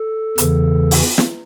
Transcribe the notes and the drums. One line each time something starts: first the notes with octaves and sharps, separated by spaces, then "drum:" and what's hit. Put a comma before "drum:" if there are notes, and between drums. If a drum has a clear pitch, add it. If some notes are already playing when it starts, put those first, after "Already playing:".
Already playing: A4
E2 C#3 E3, drum: hi-hat
drum: open hi-hat
drum: snare